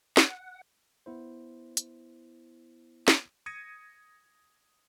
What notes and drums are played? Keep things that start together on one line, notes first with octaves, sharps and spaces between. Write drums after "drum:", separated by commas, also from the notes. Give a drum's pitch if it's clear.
F#5, drum: snare
B3 E4 C5
drum: hi-hat
drum: snare
D#6 G#6 A#6 C#7 D#7